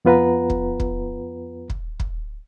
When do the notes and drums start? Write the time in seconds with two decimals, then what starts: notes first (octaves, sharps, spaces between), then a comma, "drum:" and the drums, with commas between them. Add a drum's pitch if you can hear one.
0.05 F2 B3 F4 B4 F#5 A#5
0.50 drum: kick
0.80 drum: kick
1.70 drum: kick
2.00 drum: kick